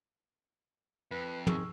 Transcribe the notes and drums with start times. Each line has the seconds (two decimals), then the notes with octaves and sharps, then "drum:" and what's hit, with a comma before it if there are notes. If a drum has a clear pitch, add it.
1.11 F2 B4
1.47 C3 D#3 G#4 C#6 E6 F6, drum: tom